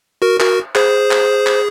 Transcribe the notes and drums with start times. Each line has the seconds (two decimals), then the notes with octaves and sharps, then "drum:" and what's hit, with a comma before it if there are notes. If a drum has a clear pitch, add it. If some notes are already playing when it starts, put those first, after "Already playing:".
0.22 F#4 A#4
0.40 F#4 A#4, drum: clap
0.75 G#4 C5, drum: clap
1.11 drum: clap
1.46 drum: clap